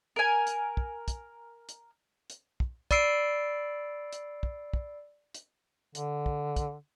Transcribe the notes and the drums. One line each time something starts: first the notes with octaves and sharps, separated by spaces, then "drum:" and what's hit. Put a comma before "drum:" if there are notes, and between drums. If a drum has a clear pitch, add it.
A#4 G#5
drum: hi-hat
drum: kick
drum: kick, hi-hat
drum: hi-hat
drum: hi-hat
drum: kick
D5 B5 E6 C7 D7, drum: kick, hi-hat
drum: hi-hat
drum: kick
drum: kick
drum: hi-hat
D3, drum: hi-hat
drum: kick
drum: kick, hi-hat